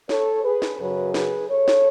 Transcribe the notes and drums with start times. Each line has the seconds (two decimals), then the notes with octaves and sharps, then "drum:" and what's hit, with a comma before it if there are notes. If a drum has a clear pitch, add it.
0.09 A4 C#5, drum: snare
0.44 G#4 B4
0.62 drum: snare
0.79 F#2 C#3 F#3 G#4 B4
1.14 G#4 B4, drum: snare
1.50 A4 C#5
1.68 drum: snare